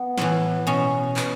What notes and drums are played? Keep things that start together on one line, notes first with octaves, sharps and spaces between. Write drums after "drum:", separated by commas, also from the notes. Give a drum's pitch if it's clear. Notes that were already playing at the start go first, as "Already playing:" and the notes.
Already playing: B3
A2 E3, drum: snare
B2 C#4
B2, drum: clap